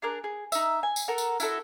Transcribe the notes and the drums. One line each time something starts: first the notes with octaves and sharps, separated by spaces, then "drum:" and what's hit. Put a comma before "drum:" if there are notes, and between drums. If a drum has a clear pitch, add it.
D4 G#4 A#4 F#6
G#4
D#4 E5, drum: tambourine
G#5
drum: tambourine
A4 A#4 F#5
drum: tambourine
E4 F#4 A4 E5, drum: tambourine